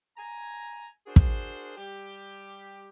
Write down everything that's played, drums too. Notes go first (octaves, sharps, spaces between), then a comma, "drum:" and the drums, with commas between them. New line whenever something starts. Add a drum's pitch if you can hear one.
G#5 A#5
D4 F#4 G#4 A#4 C5
drum: kick
G3 G4